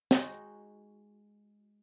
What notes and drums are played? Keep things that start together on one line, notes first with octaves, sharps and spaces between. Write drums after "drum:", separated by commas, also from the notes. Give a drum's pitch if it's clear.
G#3 D#4 F#4, drum: snare